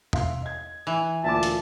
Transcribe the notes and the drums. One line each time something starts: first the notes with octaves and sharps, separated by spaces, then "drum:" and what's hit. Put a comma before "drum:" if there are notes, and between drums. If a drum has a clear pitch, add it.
E5 F5 C6, drum: tom E2
D#5 G#6
E3
D2 A#2 E5 A5 D6
drum: hi-hat